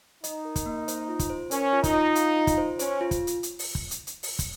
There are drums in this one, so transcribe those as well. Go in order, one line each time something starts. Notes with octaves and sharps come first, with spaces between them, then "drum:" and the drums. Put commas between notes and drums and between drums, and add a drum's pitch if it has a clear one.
D#4 D#5, drum: hi-hat
A#4
drum: kick, hi-hat
A#3
C5, drum: hi-hat
F4
drum: kick, hi-hat
C5
C#4 A#4, drum: hi-hat
F4
D#4, drum: kick, hi-hat
F4
F5, drum: hi-hat
F4
drum: kick, hi-hat
C5
C#4 C5, drum: hi-hat
F4
drum: kick, hi-hat
drum: hi-hat
drum: hi-hat
drum: open hi-hat
drum: kick
drum: hi-hat
drum: hi-hat
drum: open hi-hat
drum: kick, hi-hat